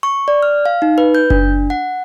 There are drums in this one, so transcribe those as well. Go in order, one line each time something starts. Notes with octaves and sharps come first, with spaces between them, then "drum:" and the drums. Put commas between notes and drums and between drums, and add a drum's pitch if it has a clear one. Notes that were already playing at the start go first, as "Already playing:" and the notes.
C#6
D5
F6
F5
D#4
B4
G6
D4, drum: kick F#1
F#5